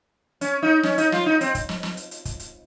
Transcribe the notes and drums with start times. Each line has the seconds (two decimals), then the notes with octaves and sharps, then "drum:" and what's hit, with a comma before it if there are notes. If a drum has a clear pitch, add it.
0.41 C#4, drum: hi-hat
0.62 D#4
0.83 C#4, drum: snare
0.98 D#4, drum: hi-hat
1.12 F4, drum: snare
1.26 D#4
1.41 C4, drum: hi-hat
1.55 drum: kick, hi-hat
1.69 drum: snare
1.83 drum: snare
1.97 drum: hi-hat
2.11 drum: hi-hat
2.25 drum: kick, hi-hat
2.40 drum: hi-hat